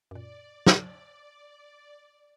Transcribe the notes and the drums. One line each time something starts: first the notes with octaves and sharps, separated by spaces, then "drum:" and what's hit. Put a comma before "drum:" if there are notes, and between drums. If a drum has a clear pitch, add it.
F#2 A#2 D5
drum: snare